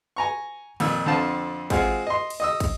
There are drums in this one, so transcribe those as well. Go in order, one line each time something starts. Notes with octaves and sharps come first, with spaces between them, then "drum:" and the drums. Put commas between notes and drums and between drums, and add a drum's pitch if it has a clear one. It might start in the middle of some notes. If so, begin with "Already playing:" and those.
G#5 A#5 C#6
F2 A#2 D#3 E6, drum: cymbal
F2 D3 C4 F5 A5
G#3 C4 F4 F#4 G#4 F5, drum: kick, cymbal
D#5 C6
drum: cymbal
D#5 D#6 E6
drum: kick, cymbal